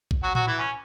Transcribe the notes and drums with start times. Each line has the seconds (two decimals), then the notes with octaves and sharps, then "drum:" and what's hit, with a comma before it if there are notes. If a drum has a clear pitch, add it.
0.11 drum: kick A#1
0.23 F#3 F#4
0.35 F#3 F#4, drum: tom A2
0.47 E3 E4
0.59 C#4